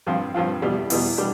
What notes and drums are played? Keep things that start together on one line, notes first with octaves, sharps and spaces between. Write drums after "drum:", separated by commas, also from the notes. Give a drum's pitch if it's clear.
G2 F3 C4 F4
G2 F3 C4 F4
E2 B2 G3
E2 B2 G3, drum: open hi-hat
B2 G3 D4 G4